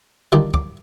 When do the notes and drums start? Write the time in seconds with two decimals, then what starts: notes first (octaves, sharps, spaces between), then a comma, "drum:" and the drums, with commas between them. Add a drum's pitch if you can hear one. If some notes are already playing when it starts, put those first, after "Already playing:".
0.32 D#3 G3 D4 F4 D6
0.54 D6, drum: kick